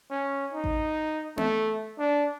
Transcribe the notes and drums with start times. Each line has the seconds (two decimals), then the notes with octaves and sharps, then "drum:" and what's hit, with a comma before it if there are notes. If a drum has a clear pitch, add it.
0.11 C#4
0.53 D#4
0.64 drum: kick A1
1.37 A3, drum: tom B3
1.99 D4